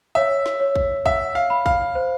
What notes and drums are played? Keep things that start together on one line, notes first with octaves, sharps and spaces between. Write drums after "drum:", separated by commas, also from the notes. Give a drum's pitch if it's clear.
C#5 E5
drum: snare
C#5
drum: kick
E5 F#5, drum: kick
F5
B5
F5, drum: kick
C5